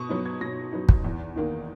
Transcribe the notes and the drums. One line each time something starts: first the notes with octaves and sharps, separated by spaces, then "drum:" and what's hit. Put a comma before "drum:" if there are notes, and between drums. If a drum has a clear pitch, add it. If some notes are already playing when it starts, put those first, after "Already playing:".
Already playing: B2 C#6 D#6
F#3 B3 D#4
G#6
B2 A#6
F#3 B3 D#4
drum: kick
E2
D#3 A#3 D#4